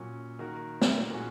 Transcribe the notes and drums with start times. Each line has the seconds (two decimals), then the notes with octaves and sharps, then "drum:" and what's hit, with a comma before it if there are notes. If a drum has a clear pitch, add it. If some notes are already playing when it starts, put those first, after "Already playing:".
Already playing: A#2 F#3 C#4
0.39 D#3 A#3 F#4 A#4
0.82 drum: snare
1.10 A#2 G#3 C#4 F#4